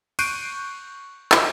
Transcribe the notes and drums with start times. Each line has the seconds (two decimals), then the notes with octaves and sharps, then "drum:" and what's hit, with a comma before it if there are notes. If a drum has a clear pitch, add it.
0.19 C#6 F#6 G6 C7 D7 D#7, drum: cymbal
1.32 drum: clap